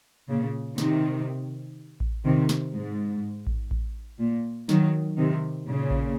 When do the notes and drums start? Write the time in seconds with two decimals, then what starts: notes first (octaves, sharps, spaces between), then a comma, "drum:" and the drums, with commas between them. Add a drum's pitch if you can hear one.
0.29 A#2 C#3
0.78 C3 D#3, drum: snare
2.00 drum: kick A1
2.25 C3 D#3
2.49 drum: snare
2.74 G#2
3.47 drum: kick A1
3.71 drum: kick A1
4.19 A#2
4.69 D#3 F#3, drum: snare
5.17 C3 D#3
5.66 A#2 C#3
5.91 drum: kick A1